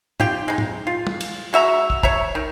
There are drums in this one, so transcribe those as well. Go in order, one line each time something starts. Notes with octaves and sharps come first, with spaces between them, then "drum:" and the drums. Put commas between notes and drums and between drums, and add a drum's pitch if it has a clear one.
D#4 F4 G4 G5, drum: tom
G#3 D#4
drum: tom
F4
drum: tom
drum: cymbal
G#3 F#4 E5 A#5
drum: kick
C#5 E5 A#5, drum: kick
D#3